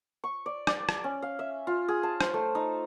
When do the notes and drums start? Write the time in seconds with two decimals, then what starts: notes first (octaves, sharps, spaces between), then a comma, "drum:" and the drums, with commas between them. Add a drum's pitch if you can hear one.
0.24 C#6
0.46 D5
0.67 D5, drum: rim click
0.89 drum: rim click
1.04 C#4
1.22 F5
1.39 E5
1.67 F4
1.88 G#4
2.03 A5
2.21 C5, drum: rim click
2.34 A3
2.55 D#4